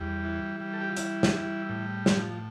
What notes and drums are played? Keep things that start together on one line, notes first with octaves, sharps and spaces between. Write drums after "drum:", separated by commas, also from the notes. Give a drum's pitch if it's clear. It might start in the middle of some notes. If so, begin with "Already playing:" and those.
Already playing: E2 G3
E3
G3
A4
G4
F4
E3 E4, drum: hi-hat
drum: snare
G3
A2
F3, drum: snare